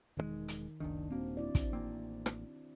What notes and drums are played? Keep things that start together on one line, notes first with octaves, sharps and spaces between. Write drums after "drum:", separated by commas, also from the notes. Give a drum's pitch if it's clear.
E1 C3 D#3 G#3
drum: hi-hat
F#1 C#2 D#3 D4
D#1 A#3 C4 F#4
D4 E4 D5
drum: kick, hi-hat
A1 A#3 C4
drum: rim click